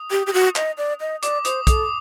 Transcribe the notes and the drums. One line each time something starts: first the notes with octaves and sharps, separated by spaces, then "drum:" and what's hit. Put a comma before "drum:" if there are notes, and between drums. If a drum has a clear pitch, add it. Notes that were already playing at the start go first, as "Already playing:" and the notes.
Already playing: D#6
G4
G4
F#4
D#5, drum: clap
D5
D#5
D5 D6, drum: hi-hat
C5 D#6, drum: hi-hat
A4 D#6, drum: kick, hi-hat